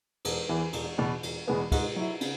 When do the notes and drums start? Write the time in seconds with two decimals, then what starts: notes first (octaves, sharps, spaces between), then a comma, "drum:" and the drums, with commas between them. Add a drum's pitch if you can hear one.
0.25 E1, drum: cymbal
0.49 E2 E3
0.73 E1, drum: cymbal
0.98 E2 B2
1.23 E1, drum: cymbal
1.47 E2 B2 G#3 B3
1.72 G#2, drum: kick, cymbal
1.96 F#3 E4
2.21 C#3, drum: cymbal